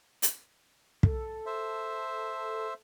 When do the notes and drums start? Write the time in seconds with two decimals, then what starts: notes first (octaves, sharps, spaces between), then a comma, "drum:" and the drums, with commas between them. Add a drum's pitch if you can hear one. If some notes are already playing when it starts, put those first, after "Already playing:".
0.22 drum: hi-hat
1.03 A4, drum: kick
1.46 C5 E5